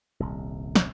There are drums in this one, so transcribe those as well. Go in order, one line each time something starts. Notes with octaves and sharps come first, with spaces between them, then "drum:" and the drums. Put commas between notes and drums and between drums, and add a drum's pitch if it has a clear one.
D#1 C2
drum: snare